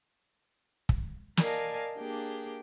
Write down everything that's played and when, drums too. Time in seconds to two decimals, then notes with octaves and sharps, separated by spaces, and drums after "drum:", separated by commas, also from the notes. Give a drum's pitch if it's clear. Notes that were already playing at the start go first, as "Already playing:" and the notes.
0.89 drum: kick
1.37 A#4 D5 D#5 F5 G#5 A5, drum: snare
1.97 A#3 D4 G4 G#4